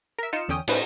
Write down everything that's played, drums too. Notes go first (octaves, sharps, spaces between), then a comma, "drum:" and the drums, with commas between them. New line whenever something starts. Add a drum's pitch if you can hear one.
A#4 E5
D#4 F4 C#7 E7
E2 D3 C#4 G5 D#6
A2 C#4 D#4 B4 C5 B6, drum: cymbal